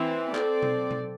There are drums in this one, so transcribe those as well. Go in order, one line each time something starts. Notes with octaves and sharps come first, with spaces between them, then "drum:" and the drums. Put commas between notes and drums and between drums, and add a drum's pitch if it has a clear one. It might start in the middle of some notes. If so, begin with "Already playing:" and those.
Already playing: E3 C4 E4
C4 A4 D5, drum: clap
drum: tom B2
drum: tom B2